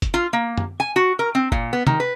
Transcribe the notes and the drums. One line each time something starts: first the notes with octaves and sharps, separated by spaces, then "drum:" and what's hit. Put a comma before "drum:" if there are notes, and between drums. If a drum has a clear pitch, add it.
drum: kick, hi-hat
F4
A#3
drum: tom F#2
G#5
F#4
A#4
C4
A#2, drum: kick
B3
D#3, drum: tom
B4